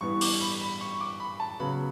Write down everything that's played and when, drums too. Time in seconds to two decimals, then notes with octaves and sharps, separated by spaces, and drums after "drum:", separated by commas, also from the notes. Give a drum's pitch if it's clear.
0.01 G2 E3 B3 C#6
0.21 D6, drum: open hi-hat
0.41 B5
0.61 B5
0.81 C#6
1.00 D6
1.20 B5
1.40 A5
1.60 C#3 F#3 B3 B5